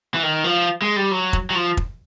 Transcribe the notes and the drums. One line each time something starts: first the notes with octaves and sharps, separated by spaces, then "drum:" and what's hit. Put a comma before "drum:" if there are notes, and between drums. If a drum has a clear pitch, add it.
E3
D#3
F3
G#3
G3
F#3
drum: kick
F#3
F3
drum: kick